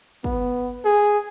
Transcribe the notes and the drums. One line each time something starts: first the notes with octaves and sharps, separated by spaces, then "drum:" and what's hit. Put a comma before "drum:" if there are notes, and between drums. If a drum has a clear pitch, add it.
B3, drum: kick
G#4